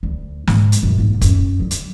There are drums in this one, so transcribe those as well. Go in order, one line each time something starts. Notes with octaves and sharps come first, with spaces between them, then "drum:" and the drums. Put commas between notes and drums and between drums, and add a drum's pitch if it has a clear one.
D2
G#2, drum: snare
drum: hi-hat
F#2 A#2
G#2 A#3
F#2, drum: kick, hi-hat
D3 F#3
drum: hi-hat